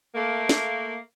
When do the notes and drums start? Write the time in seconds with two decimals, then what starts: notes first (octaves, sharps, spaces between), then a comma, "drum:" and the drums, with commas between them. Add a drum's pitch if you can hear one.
0.15 A3 A#3
0.49 drum: snare